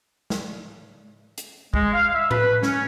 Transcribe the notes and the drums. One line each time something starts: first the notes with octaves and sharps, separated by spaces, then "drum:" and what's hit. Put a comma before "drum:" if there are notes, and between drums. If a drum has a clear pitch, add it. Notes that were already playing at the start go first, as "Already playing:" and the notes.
drum: snare
drum: hi-hat
G#3, drum: kick
F5
E5
B4, drum: tom A2
C#4, drum: snare